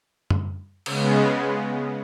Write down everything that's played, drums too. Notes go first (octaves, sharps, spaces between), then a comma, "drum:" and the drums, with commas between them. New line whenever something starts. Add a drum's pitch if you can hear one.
drum: tom F#2
C#3 G#3 B3, drum: cymbal